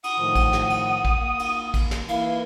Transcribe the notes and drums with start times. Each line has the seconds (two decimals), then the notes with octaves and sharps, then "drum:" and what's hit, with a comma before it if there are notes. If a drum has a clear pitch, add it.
0.04 F#5 D#6, drum: cymbal
0.17 A2 D#3 F3
0.36 drum: kick, cymbal
0.53 drum: snare
0.70 drum: cymbal
1.05 drum: kick
1.16 A#3
1.39 drum: cymbal
1.74 drum: kick, cymbal
1.91 drum: snare
2.08 E3 A#3 E4 F5, drum: cymbal